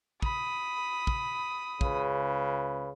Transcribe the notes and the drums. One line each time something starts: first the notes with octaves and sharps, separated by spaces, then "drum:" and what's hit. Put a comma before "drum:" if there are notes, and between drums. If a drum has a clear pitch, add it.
B5 D#6, drum: kick
drum: kick
C#2 C#3 B4, drum: kick